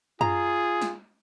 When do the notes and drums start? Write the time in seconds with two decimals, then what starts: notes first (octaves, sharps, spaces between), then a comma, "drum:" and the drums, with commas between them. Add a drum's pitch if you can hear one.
0.21 F4 G#4 A#5, drum: tom F#2
0.82 drum: snare